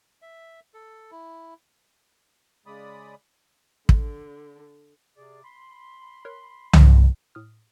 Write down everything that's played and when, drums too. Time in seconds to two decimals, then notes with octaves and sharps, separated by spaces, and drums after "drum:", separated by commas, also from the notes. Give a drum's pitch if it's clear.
0.22 E5
0.74 A4
1.11 E4
2.66 C#3 G#3 D5 B5 D#6
3.89 D3, drum: kick
5.17 C3 G#4 D5
5.44 B5 C6
6.25 A#4 C#5 F#6
6.73 drum: tom C2
7.35 A2 D#6 F6